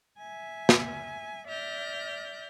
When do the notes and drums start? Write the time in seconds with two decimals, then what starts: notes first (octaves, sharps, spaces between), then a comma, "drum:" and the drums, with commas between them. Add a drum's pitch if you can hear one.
0.19 E5 G#5
0.69 drum: snare
1.47 D5 E5 F6 G6 A#6